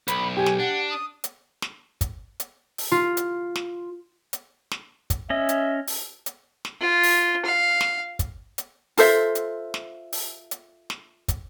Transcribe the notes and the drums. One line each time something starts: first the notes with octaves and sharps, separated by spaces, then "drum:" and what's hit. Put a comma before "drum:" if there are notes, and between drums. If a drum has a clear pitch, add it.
B1 B5, drum: hi-hat
G4 G#5
drum: snare
D4 F#5
D#6
drum: hi-hat
drum: snare
drum: kick, hi-hat
drum: hi-hat
drum: open hi-hat
F4
drum: hi-hat
drum: snare
drum: hi-hat
drum: snare
drum: kick, hi-hat
C#4 D#5 E5
drum: hi-hat
drum: open hi-hat
drum: hi-hat
drum: snare
F4
drum: open hi-hat
F5
drum: snare
drum: kick, hi-hat
drum: hi-hat
F4 A4 C5 E5, drum: open hi-hat
drum: hi-hat
drum: snare
drum: open hi-hat
drum: hi-hat
drum: snare
drum: kick, hi-hat